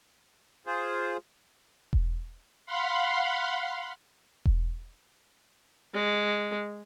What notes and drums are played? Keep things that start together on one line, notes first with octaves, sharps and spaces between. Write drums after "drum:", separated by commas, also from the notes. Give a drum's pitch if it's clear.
F4 G#4 C5
drum: kick E1
F5 F#5 B5 C6
drum: kick E1
G#3